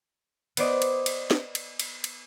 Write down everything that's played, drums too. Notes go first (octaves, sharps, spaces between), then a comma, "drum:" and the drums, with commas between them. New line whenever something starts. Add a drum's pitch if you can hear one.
B3 C5 D5 D#5, drum: cymbal
drum: cymbal
drum: cymbal
drum: snare
drum: cymbal
drum: cymbal
drum: cymbal